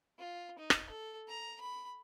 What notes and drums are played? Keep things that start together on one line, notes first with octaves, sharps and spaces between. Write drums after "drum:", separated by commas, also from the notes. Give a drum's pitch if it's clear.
F4
D#4
drum: rim click
A4
A#5
B5